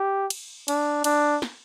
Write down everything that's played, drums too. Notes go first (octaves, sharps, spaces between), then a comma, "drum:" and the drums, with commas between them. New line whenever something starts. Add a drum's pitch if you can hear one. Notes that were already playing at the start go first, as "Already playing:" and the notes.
Already playing: G4
drum: cymbal
D4, drum: cymbal
D4, drum: cymbal
drum: snare